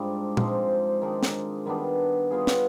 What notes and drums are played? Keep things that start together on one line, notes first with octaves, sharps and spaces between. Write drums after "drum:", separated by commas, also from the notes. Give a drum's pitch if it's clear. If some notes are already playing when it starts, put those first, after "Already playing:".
Already playing: G#2 G3 C4 D4 F4
G#2 F3 G#3 C4, drum: tom
D#3 G#3 D4
drum: snare
D#3 G3 B3 D4
G3 B3 F4 G#4
drum: snare